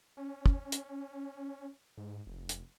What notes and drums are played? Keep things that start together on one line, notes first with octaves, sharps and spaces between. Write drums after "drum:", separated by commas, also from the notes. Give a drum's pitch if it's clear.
C#4
drum: kick
drum: hi-hat
G#2
F1
drum: hi-hat